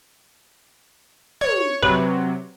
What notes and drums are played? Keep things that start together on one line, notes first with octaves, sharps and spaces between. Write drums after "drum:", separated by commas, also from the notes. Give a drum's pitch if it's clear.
C#5, drum: tom
C3 F#3 B4, drum: snare